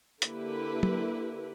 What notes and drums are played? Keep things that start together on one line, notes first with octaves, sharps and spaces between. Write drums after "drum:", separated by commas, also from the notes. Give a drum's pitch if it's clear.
D3 A#3 E4 G4 B4, drum: hi-hat
drum: tom F#3